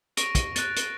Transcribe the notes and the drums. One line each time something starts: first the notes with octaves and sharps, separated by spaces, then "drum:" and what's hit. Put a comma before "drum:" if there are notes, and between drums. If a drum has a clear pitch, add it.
C#6 A#6 D7 F7, drum: hi-hat
drum: kick, hi-hat
F#6 A6, drum: hi-hat
drum: hi-hat